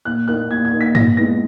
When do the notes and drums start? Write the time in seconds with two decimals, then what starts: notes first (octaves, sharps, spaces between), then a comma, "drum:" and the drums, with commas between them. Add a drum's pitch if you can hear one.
0.05 A#2 F#6
0.28 A#3 D#4 F#6
0.50 A#2 G#6
0.65 G#6
0.73 A#3 D#4
0.81 B6
0.95 A#2 A#6, drum: tom G2
1.17 G#3 B3 E4 A#6